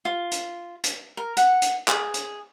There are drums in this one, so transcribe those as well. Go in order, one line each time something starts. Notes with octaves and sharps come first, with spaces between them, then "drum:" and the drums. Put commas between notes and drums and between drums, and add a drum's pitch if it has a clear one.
F4
drum: hi-hat
drum: hi-hat
A#4
F#5, drum: hi-hat
drum: hi-hat
G#4, drum: clap
drum: hi-hat